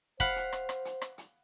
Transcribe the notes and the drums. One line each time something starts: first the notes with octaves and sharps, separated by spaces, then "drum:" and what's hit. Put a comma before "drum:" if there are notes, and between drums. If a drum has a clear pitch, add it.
C5 F5 F#5 B5, drum: kick, hi-hat
drum: hi-hat
drum: rim click
drum: rim click
drum: hi-hat
drum: rim click
drum: hi-hat